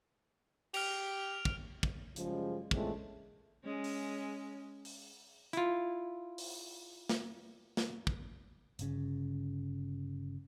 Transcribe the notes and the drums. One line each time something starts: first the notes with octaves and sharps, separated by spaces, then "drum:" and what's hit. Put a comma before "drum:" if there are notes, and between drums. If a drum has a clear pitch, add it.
G4 F6 D7 F7, drum: cymbal
drum: kick
drum: kick
F#2 C#3 F3 G3 G#3, drum: hi-hat
A#2 E3 G#3 A3 C4 C#4, drum: kick
G#3 C#4
drum: open hi-hat
drum: open hi-hat
E4 F4, drum: hi-hat
drum: open hi-hat
drum: snare
drum: snare
drum: kick
G1 C#3, drum: hi-hat